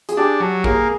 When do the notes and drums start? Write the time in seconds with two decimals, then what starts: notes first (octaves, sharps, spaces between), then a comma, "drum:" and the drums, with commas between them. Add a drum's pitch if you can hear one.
0.09 G#4, drum: hi-hat
0.17 D4 G4
0.40 F#3
0.64 A#3 G#4, drum: kick A#1